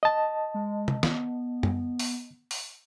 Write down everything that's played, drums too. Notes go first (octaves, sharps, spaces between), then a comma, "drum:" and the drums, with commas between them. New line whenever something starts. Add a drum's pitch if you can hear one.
D#5 A5
G#3
drum: tom C3
B3, drum: snare
drum: tom F#2
drum: open hi-hat
drum: open hi-hat